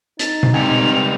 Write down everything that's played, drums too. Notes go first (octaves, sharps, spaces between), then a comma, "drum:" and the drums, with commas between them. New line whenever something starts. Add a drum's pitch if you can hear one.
D#4 A6, drum: hi-hat
drum: tom B2
C#2 G3 C4 G#5 F7